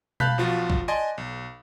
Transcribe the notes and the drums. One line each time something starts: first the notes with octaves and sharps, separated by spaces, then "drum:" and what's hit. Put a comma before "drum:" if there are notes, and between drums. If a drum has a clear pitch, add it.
F5 A5 B5 F#6 G6 B6, drum: tom B2
B1 F3 F4 F#4
drum: kick
D5 D#5 G#5 A5 C6
B1